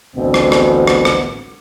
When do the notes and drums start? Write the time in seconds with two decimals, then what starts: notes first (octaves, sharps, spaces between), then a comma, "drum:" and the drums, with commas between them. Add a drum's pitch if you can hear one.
0.16 A1 D2 B2 C4
0.34 drum: rim click
0.52 drum: rim click
0.87 drum: rim click
1.05 drum: rim click